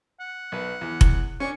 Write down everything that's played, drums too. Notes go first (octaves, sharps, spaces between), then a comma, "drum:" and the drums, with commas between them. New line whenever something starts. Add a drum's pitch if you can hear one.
F#5
B1 B4
E2
drum: kick F1
C#4 D4 C#6